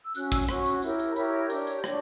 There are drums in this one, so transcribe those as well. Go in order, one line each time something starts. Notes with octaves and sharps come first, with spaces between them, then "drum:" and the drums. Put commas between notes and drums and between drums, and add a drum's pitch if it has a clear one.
E6
C#4 F#4 C#5 F#6, drum: tambourine
E6, drum: kick, tambourine
C#4 F#4 C#5 C#6, drum: rim click
drum: tambourine
E4 G4 A#4 C#5, drum: tambourine
drum: tambourine
A#5
E4 G4 A#4 C#5 B5, drum: tambourine
D4 G4 C#5 D6, drum: tambourine
drum: tambourine
D4 G4 C#5, drum: rim click